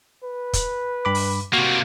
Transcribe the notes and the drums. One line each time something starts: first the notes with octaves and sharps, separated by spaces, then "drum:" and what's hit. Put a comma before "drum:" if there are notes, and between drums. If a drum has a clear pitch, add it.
B4
drum: kick, hi-hat
G2 B5 D6
drum: open hi-hat
C3 A#3 F#4